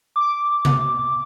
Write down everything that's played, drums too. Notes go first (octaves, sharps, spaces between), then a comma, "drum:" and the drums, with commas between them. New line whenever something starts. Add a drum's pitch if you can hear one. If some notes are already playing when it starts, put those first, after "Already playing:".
D6
drum: tom C3